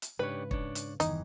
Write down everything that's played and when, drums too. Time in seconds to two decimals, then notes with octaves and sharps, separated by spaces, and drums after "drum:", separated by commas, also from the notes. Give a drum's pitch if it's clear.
0.02 drum: hi-hat
0.19 G#2 C#3 D4 G4 B4 C#5
0.51 D4 C#5, drum: kick
0.75 drum: hi-hat
1.00 G1 E2 D#3 E3 D#4, drum: hi-hat